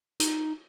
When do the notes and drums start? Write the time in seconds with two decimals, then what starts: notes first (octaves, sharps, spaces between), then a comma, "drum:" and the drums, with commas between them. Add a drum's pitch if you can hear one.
0.20 D#4, drum: hi-hat